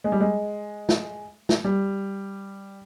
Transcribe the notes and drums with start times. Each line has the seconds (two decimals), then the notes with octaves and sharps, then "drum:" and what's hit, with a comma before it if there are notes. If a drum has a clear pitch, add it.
0.04 G#3
0.12 G3
0.20 G#3
0.89 drum: snare
1.49 drum: snare
1.64 G3